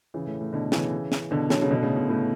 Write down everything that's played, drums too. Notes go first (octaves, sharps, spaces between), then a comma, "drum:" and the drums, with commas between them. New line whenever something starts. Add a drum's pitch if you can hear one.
C#3 E3
A2
A2
B2 D3
C#3 E3, drum: snare
drum: snare
B2 D3
D3 F#3, drum: snare
C#3
B2 D3
A2 C#3
B2
A2 C#3